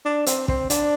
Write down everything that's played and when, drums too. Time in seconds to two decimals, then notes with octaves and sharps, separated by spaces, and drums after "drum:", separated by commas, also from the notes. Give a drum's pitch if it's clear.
0.05 D4
0.26 C4, drum: hi-hat
0.48 C4, drum: kick
0.70 D4, drum: hi-hat